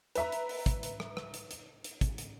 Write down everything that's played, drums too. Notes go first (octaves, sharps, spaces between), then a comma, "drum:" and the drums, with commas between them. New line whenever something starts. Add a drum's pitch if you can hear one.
B4 E5 A#5, drum: hi-hat
drum: hi-hat
drum: open hi-hat
drum: kick, hi-hat
drum: hi-hat
drum: rim click
drum: rim click
drum: hi-hat
drum: hi-hat
drum: hi-hat
drum: kick, hi-hat
drum: hi-hat